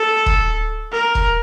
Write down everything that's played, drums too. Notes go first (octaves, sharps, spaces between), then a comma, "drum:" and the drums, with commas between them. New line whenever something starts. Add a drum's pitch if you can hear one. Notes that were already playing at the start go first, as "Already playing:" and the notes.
Already playing: A4
drum: kick
A#4
drum: kick